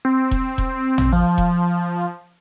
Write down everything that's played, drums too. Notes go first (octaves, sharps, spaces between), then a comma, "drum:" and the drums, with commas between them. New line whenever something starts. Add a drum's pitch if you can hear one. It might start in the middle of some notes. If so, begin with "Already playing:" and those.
C4
drum: kick E1
drum: kick E1
drum: tom
F3
drum: kick E1